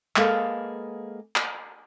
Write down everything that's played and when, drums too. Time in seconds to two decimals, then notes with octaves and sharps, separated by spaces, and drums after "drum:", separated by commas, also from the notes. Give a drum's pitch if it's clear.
0.16 G#3 A#3 B3 G#4 A4 F5, drum: clap
1.36 drum: clap